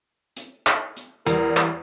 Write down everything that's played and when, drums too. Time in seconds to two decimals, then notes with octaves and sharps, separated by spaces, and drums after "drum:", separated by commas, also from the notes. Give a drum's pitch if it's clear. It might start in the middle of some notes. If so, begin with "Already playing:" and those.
0.37 drum: hi-hat
0.67 drum: clap
0.97 drum: hi-hat
1.27 E2 G3 A#4, drum: hi-hat
1.57 drum: clap